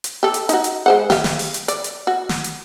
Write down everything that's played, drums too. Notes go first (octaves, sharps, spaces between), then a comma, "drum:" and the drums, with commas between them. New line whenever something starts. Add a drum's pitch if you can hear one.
drum: hi-hat
G4 A4
drum: hi-hat
D#4 F#4, drum: hi-hat
drum: hi-hat
G#3 C5 F#5
G4 F5, drum: snare
drum: snare
drum: open hi-hat
drum: hi-hat
D5, drum: hi-hat
drum: hi-hat
F#4
drum: snare
drum: hi-hat